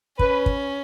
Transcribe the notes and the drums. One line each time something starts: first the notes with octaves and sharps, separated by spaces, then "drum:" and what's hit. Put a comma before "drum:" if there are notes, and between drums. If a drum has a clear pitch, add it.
C#4 B4, drum: kick
drum: kick